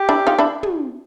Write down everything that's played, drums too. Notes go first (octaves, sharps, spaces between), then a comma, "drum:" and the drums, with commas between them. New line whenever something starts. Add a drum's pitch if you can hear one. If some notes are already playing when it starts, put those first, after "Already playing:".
Already playing: G4
D4 E4
D#4 F4
D4 E4
drum: tom